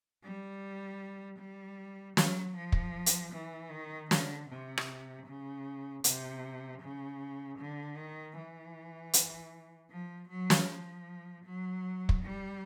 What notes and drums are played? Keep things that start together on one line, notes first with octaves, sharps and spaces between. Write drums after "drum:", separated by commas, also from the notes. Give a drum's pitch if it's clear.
G3
G3
F#3, drum: snare
F3
drum: kick
drum: hi-hat
E3
D#3
D3, drum: snare
C3
drum: rim click
C#3
C3, drum: hi-hat
C#3
D3
D#3
E3
drum: hi-hat
F3
F#3
drum: snare
F3
F#3
drum: kick
G3